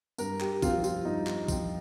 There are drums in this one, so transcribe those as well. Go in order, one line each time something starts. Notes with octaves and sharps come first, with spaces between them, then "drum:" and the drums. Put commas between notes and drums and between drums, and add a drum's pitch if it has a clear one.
G2 A#4, drum: tambourine
G4, drum: clap
F3 C4 F4, drum: kick, tambourine
F4, drum: tambourine
G2 D#4
drum: clap
F3 C4, drum: kick, tambourine